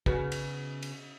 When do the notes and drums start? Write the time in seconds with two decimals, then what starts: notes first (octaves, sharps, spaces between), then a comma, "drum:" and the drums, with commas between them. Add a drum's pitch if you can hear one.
0.06 C#3 B3 F#4, drum: kick
0.32 drum: cymbal
0.82 drum: cymbal